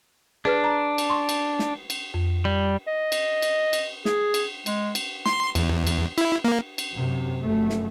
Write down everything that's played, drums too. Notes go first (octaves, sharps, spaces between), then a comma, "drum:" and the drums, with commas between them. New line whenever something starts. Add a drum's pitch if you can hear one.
D4 G#4 B4 F6
A#5
drum: cymbal
C6 C#6
drum: cymbal
drum: snare
drum: cymbal
F2
G3
D#5
drum: cymbal
drum: cymbal
drum: cymbal
G#4, drum: snare
drum: cymbal
G#3, drum: cymbal
drum: cymbal
C6, drum: snare
E2, drum: cymbal
drum: cymbal
E4, drum: cymbal
A#3
drum: cymbal
F#2 C3
F1 F#2 A3
drum: snare